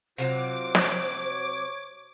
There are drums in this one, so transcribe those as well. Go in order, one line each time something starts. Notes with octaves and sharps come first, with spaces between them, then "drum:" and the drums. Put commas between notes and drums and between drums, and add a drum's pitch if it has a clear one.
C3 F3 F#3 F4 C5 D6
C#5, drum: snare